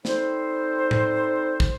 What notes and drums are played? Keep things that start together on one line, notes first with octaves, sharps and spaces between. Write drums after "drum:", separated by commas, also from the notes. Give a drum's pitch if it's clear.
G3 C4 D#4 A4 C5, drum: snare
drum: tom A2
drum: kick